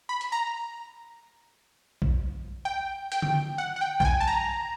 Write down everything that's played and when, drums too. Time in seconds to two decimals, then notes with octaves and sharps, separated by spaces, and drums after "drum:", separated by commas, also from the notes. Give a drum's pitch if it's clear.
0.09 B5
0.21 drum: hi-hat
0.32 A#5
2.02 drum: kick A#1
2.65 G5
3.12 G5, drum: hi-hat
3.22 drum: tom D3
3.58 F#5
3.76 F#5
3.81 G5
4.00 G5, drum: kick A#1
4.05 G#5
4.20 A5
4.28 A#5